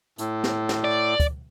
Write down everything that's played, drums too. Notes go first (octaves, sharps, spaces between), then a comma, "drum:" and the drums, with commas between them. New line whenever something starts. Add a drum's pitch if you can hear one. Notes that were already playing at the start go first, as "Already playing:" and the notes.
A2, drum: hi-hat
drum: snare
drum: snare
D5
drum: kick, hi-hat